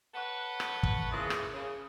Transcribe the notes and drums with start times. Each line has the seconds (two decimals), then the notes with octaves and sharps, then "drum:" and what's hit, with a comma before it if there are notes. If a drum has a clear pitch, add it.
0.14 A4 B4 C#5 F#5
0.60 drum: rim click
0.83 drum: kick
1.11 A#2 C#3 E3 A#3 E4 G#4
1.30 drum: rim click
1.54 C#3